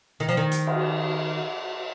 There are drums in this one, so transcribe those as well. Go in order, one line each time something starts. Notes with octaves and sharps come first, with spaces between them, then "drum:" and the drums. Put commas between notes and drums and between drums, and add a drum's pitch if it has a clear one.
D#3
F3
D#3
drum: hi-hat
drum: cymbal